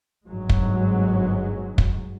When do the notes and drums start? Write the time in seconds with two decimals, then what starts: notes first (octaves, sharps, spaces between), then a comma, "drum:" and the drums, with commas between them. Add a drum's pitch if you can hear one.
0.28 G1 G#2 F#3 G#3
0.49 drum: kick
1.78 drum: kick